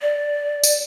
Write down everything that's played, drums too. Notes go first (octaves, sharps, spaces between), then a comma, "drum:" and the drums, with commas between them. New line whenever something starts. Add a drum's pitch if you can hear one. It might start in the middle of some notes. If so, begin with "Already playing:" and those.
D5
drum: tambourine